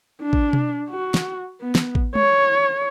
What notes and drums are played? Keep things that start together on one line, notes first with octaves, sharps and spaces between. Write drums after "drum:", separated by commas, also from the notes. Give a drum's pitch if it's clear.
D4
drum: kick A1
drum: tom B2
F#4
drum: snare
B3
drum: snare
drum: kick A1
C#5, drum: tom G#3